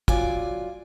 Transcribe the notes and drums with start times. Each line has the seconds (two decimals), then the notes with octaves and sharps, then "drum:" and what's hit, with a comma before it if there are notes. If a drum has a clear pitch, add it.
0.08 D2 F#3 F4 D5 G#5, drum: kick